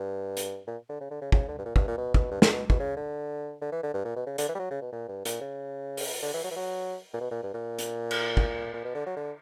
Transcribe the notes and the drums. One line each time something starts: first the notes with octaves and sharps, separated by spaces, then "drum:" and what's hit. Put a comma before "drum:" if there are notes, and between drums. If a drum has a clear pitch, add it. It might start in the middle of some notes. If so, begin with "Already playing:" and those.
Already playing: G2
drum: hi-hat
A#2
D3
C#3
D3
C#3
C#3, drum: kick
D3
G2
A#2
G2, drum: kick
A#2
B2
B2, drum: kick
G2
A#2, drum: snare
B2
B2, drum: kick
C#3
D3
D3
E3
D3
G2
A#2
B2
C#3
D3, drum: hi-hat
E3
G3
F#3
C#3
B2
A#2
G2
A#2, drum: hi-hat
C#3
drum: open hi-hat
D3
E3
F#3
E3
F#3
A#2
B2
A#2
G2
A#2
drum: hi-hat
drum: cymbal
drum: kick
A#2
B2
D3
F#3
D3